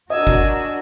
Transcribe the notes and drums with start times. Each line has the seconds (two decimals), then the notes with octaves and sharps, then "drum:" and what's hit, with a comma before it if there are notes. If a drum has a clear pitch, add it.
0.10 D4 F#4 A#4 D#5 G#5 E6
0.27 drum: kick